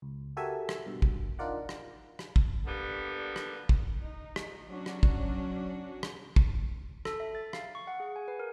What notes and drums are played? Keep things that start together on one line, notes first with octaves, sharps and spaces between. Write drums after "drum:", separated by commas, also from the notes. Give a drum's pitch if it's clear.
C#2
F#4 G4 A4 A#4 E5 G#5
drum: rim click
G2 B2
drum: kick
D4 D#4 F4 A#4 D5 F#5
drum: rim click
drum: rim click
drum: kick
D3 G3 A#3 B3
drum: rim click
drum: kick
D#4
drum: rim click
F#3 C#4 D4 F#4
drum: rim click
drum: kick
drum: rim click
drum: kick
A4, drum: rim click
E5
A6
F5, drum: rim click
C#6
F#5
G#4
G#5
B4
A#4